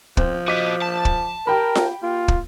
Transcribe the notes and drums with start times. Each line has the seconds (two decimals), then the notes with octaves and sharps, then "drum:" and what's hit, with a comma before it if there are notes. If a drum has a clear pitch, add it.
0.17 F3 C4, drum: kick
0.48 F#4 D#5 D6 B6
0.82 A5
1.05 drum: kick
1.47 G4 A#4 G5 B5
1.75 drum: snare F4
2.03 A#3 F4
2.28 drum: kick